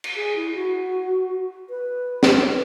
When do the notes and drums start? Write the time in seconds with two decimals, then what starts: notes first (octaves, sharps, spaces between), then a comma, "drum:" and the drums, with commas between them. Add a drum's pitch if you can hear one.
0.04 drum: cymbal
0.16 G#4
0.36 E4
0.55 F#4
1.70 B4
2.23 drum: snare
2.41 C#5
2.47 B4